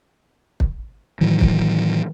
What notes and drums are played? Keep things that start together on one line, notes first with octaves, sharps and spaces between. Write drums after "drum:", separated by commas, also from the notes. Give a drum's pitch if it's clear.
drum: kick
A2 D#3 E3 F#3
drum: kick